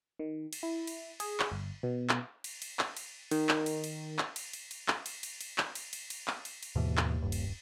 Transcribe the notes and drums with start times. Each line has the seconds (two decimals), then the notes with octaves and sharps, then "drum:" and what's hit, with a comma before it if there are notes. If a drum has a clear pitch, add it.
0.19 D#3
0.53 drum: cymbal
0.63 E4
0.87 drum: cymbal
1.20 G#4, drum: cymbal
1.40 drum: clap
1.52 G1
1.83 B2
2.09 drum: clap
2.44 drum: cymbal
2.62 drum: cymbal
2.79 drum: clap
2.97 drum: cymbal
3.31 D#3, drum: cymbal
3.49 drum: clap
3.66 drum: cymbal
3.84 drum: cymbal
4.19 drum: clap
4.36 drum: cymbal
4.53 drum: cymbal
4.71 drum: cymbal
4.88 drum: clap
5.06 drum: cymbal
5.23 drum: cymbal
5.41 drum: cymbal
5.58 drum: clap
5.75 drum: cymbal
5.93 drum: cymbal
6.10 drum: cymbal
6.28 drum: clap
6.45 drum: cymbal
6.63 drum: cymbal
6.75 D#2 G#2 B2 E3
6.97 drum: clap
7.22 D#1 G2
7.32 drum: cymbal